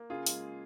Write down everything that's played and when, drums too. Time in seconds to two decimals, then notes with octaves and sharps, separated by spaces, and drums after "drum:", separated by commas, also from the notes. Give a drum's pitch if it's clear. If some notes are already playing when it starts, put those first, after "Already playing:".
Already playing: A#3
0.10 C#3 F4 G#4
0.27 G#3, drum: open hi-hat